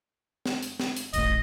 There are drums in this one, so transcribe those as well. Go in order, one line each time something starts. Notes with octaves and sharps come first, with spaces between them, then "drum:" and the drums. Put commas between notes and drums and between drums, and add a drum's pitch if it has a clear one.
drum: snare
drum: hi-hat
drum: snare
drum: hi-hat
D#1 A1 A2 D#5, drum: hi-hat